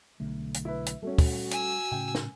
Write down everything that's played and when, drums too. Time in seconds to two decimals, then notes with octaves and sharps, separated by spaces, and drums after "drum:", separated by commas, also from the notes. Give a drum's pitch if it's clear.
0.20 B1 D3 A3
0.54 drum: hi-hat
0.65 E4 B4
0.86 drum: hi-hat
1.02 G3 A3 C#4 F#4
1.18 drum: kick, open hi-hat
1.51 G#5 E6, drum: hi-hat
1.91 A2 C#3 G5
2.15 drum: snare